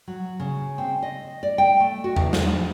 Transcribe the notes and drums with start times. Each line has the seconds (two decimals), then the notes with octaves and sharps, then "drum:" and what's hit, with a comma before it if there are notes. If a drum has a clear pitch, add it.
0.08 F#3
0.40 C#3
0.78 C4
1.02 D#5
1.43 D5
1.58 G5
1.80 A3
2.04 F#4
2.16 drum: tom E2
2.33 C5, drum: snare
2.47 F3